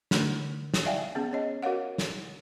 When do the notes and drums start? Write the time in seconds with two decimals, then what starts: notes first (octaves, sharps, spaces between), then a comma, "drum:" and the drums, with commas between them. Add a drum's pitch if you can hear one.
0.11 D3 A3 D4, drum: snare
0.74 drum: snare
0.86 D5 E5 F5 G5 G#5
1.15 B3 C#4 G#4
1.31 C#4 C#5 D#5
1.63 F#4 A#4 C#5 F5 F#5
1.98 drum: snare